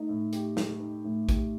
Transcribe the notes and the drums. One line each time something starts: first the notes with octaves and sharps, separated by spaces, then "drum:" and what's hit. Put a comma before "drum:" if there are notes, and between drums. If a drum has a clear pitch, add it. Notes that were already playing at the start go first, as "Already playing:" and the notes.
Already playing: A3 D#4
A2
G4, drum: hi-hat
A3, drum: snare
D#4
A2
G4, drum: kick, hi-hat